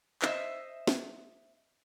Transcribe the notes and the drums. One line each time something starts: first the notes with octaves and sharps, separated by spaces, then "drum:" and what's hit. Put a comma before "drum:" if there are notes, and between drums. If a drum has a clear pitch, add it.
C5 D#5 E5, drum: clap
drum: snare